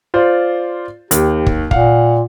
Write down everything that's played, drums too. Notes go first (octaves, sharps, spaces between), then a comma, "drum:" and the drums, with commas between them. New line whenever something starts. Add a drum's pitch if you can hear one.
F4 C5 D5
D#2 G4, drum: hi-hat
drum: kick
A#2 F5 F#5, drum: kick